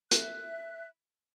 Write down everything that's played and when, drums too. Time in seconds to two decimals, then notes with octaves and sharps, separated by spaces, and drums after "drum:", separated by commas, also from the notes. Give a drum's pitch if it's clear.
0.11 E5 F#6, drum: hi-hat